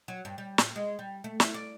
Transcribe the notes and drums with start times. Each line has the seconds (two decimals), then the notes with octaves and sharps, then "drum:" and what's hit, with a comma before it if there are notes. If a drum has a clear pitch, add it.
0.08 F#3
0.25 G2
0.38 G3
0.58 A2, drum: snare
0.76 G#3
0.99 G3
1.24 A3
1.40 E4, drum: snare
1.54 D5